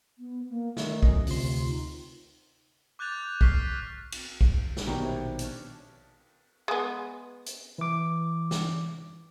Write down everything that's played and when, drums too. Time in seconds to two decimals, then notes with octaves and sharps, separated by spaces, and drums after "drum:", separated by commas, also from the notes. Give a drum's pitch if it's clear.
0.18 B3
0.49 A#3
0.77 D#3 A3, drum: snare
1.03 F#3 C#4 D#5, drum: kick
1.27 D2 C3 F4 C6, drum: open hi-hat
1.69 D#4
2.99 D6 F#6 G6 A6 F7
3.41 C#6 F6 B6 C7, drum: kick
4.12 drum: cymbal
4.41 drum: kick
4.77 drum: snare
4.86 A#1 B2 D#3 F#3 G3 G4
5.02 C3 C#5
5.39 C#4 D4, drum: hi-hat
6.68 G#3 B3
7.46 drum: hi-hat
7.78 E3 D6
8.51 drum: snare